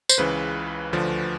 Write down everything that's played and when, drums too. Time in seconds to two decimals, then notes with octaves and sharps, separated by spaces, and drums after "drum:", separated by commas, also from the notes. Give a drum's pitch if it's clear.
0.09 C5, drum: tambourine
0.18 C#2 C#3 E3 B4
0.93 D2 D3 F3